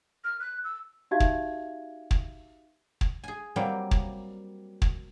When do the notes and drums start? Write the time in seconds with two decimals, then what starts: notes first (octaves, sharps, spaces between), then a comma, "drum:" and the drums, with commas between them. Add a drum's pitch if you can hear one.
0.24 F6
0.40 F#6
0.64 E6
1.11 D#4 F#4 G4 E5 F5 G#6
1.20 drum: kick
2.11 drum: kick
3.01 drum: kick
3.24 G#4 G#5
3.56 F#3 G3 A#3 C4
3.91 drum: kick
4.82 drum: kick